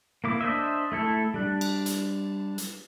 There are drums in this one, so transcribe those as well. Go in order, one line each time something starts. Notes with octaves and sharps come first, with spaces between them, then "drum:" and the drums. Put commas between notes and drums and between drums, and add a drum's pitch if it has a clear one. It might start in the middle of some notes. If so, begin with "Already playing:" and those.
A#3 E4 D6
D4 C5 D#5 E5
A3 E4 A4
G3 D4
drum: cymbal
drum: hi-hat
drum: hi-hat